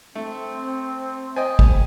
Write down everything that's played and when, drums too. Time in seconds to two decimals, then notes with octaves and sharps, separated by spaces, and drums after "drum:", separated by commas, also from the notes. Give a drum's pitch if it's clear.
0.15 A3 C4
1.36 C5 D#5 G5 G#5
1.59 drum: kick